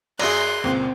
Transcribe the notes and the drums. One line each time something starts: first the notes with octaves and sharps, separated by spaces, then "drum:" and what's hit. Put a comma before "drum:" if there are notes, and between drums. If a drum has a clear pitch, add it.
F#2 G#4 D5 E5 C6 F#6, drum: cymbal
C#2 A#2 C4